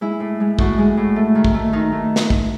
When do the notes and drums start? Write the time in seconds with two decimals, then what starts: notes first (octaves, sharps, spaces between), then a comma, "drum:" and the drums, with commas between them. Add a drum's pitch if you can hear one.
0.01 G#3 E4
0.20 A2
0.40 G#3
0.59 A2 F#4, drum: kick
0.78 G#3
0.97 A2
1.16 A3
1.35 D#3
1.44 drum: kick
1.54 A3
1.73 D#3 D#4
1.92 A3
2.16 drum: snare
2.30 drum: kick